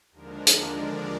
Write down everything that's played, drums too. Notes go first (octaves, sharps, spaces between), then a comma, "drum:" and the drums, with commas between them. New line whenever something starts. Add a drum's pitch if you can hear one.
D#2 D3 F3 G#3 D4 A#4
drum: hi-hat
D5